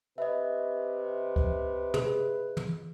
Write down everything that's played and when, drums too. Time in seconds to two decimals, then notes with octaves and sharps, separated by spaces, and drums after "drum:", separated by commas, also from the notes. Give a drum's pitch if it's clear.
0.18 C3 B4 D#5 E5
1.36 drum: kick C#2
1.94 G#4, drum: tom
2.57 drum: tom